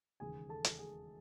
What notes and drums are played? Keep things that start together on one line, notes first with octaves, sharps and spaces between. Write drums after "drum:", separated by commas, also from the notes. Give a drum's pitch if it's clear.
E1 D#2 C#3 G#4 G#5
A4 A5
drum: hi-hat
G#4 G#5